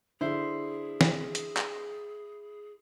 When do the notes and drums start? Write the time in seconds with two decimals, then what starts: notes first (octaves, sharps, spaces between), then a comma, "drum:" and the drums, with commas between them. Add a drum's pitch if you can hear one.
0.21 D3 E4 G#4 C5
1.01 drum: snare
1.35 drum: hi-hat
1.57 drum: clap